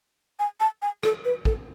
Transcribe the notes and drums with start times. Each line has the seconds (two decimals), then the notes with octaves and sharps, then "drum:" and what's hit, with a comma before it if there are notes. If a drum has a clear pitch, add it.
0.39 G#5
0.60 A5
0.82 G#5
1.03 A4, drum: rim click
1.25 B4
1.45 A4, drum: kick